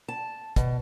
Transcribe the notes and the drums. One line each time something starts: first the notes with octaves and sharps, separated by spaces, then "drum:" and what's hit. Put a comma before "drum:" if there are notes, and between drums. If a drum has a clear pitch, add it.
A5
B2, drum: kick, hi-hat